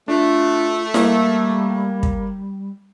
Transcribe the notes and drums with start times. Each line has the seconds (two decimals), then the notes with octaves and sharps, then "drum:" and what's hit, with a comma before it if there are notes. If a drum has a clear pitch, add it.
0.08 A3 D4 F4
0.94 G3 A#3, drum: snare E4
2.03 drum: kick